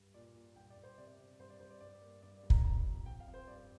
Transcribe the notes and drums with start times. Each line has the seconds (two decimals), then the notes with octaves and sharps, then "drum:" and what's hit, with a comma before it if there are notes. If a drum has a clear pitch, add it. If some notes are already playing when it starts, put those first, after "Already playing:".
Already playing: G2
0.14 A#2 D5
0.35 A#2
0.56 G2 G5
0.70 D5
0.77 G2
0.83 C5
0.98 C3 D5
1.18 C3
1.39 G2 C5
1.50 D5
1.60 G2 C5
1.71 D5
1.81 G2 D5
2.02 A#3
2.23 G2 D5
2.37 D5
2.43 G2
2.50 A#5, drum: kick
2.64 F2 A#5
2.85 F2
3.06 F2 G5
3.20 F5
3.27 F2
3.34 C5
3.47 G2 D5